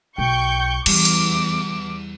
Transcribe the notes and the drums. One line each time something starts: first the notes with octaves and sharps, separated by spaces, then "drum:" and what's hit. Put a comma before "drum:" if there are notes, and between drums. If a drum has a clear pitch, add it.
B1 G5 C#6 G6
E2 G3 D6, drum: cymbal
drum: hi-hat